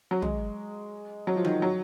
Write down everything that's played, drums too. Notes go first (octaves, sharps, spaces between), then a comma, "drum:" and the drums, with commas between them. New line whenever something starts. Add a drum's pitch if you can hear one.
F#3
G#3, drum: tom
F#3
F3
D#3, drum: tom D#3
F#3